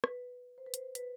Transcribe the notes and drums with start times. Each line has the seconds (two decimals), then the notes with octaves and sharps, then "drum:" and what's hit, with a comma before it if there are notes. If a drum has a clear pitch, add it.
0.04 B4, drum: rim click
0.58 C5
0.66 B4
0.74 C5, drum: hi-hat
0.95 B4, drum: hi-hat